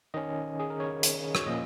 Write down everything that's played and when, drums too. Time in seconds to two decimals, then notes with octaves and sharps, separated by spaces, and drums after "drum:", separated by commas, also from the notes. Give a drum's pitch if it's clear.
0.14 D#3 C#4 D#5
0.60 G#4
0.70 A#4
0.80 C#5
1.03 drum: hi-hat
1.35 C#5, drum: rim click
1.46 A#2 F3 A#3 C#4 D#5